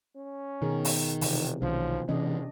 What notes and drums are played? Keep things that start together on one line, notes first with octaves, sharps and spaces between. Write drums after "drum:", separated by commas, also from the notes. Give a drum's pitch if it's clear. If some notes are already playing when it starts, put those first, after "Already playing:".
C#4
B2 D#3 G#4 A#4
drum: open hi-hat
F1 C3 E3, drum: open hi-hat
B1 D#3 F3 C#4
E2 C3 E3 C#4 D4 D5 D#5